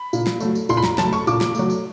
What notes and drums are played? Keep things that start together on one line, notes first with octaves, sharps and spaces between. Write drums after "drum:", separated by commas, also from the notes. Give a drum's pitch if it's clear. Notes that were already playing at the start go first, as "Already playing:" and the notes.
Already playing: B5
A#2, drum: tambourine
drum: snare
F#3 A3, drum: tambourine
drum: tambourine
A#2 C6, drum: tambourine
B5
A#5, drum: snare
F#3 A3 A5, drum: snare
C#6, drum: tambourine
A#2 D6, drum: tambourine
drum: snare
F#3 A3, drum: tambourine
drum: tambourine